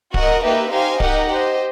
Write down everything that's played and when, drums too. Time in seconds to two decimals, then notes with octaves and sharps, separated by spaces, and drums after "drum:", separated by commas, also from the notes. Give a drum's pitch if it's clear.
0.14 F#4 A#4 D#5 F#5, drum: kick D1
0.43 A#3 D#4 G4 B4 E5
0.71 D#4 G4 C5 F5 G#5
1.00 D#4 G4 A#4 D#5 F#5, drum: kick D1
1.29 G4 C5 D#5